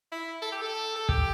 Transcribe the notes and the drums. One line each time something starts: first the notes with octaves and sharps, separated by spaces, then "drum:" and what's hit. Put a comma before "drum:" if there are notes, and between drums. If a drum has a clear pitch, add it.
E4
A4
G4
A4
A4
G4, drum: kick